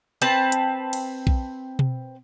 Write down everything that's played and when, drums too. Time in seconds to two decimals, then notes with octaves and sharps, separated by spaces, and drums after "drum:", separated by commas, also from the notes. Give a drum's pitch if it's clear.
0.22 C4 B4 A5, drum: hi-hat
0.52 drum: hi-hat
0.93 drum: cymbal
1.27 drum: kick A#1
1.79 drum: tom B2